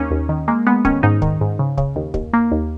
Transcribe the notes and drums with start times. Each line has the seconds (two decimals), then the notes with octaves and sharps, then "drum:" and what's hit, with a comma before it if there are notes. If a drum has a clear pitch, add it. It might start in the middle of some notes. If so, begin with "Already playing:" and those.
Already playing: D#2 A#3 C#4 D#4
0.11 D#2
0.29 D#3
0.48 G#3 A#3
0.67 G#3 B3
0.85 D#3 C#4, drum: kick
1.03 G#2 D#4
1.22 D#3, drum: kick
1.41 G#2
1.59 C#3
1.78 C#3, drum: kick
1.96 D#2
2.14 D#2, drum: kick
2.33 A#3
2.52 D#2